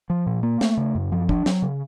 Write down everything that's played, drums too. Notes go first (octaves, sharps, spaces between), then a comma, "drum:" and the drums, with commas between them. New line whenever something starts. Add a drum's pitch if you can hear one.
F3
A#2
A#3
A3, drum: snare
C#3
F#2
F3
D4, drum: kick
F#3, drum: snare
C#3